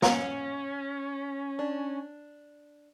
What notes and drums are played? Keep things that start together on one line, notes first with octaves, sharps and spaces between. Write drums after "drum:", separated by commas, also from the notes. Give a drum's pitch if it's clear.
C#4 F#5 G#5 A#5, drum: snare
D4